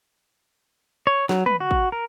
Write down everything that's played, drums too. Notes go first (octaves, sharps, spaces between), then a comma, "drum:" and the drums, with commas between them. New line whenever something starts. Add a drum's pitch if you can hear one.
C#5
F#3, drum: snare
B4, drum: tom
F#4
drum: kick
A#4